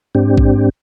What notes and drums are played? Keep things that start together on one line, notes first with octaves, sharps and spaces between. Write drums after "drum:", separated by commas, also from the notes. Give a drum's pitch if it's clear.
G#2 C4 D4 G4
drum: kick A1